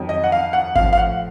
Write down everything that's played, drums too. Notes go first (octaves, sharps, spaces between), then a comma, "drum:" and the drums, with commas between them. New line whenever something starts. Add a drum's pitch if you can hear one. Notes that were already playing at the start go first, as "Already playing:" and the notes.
Already playing: F2 D#3 F#3
D#5
F#5
F5
F#5
A2 F3 F5, drum: kick G#1
F5
F#5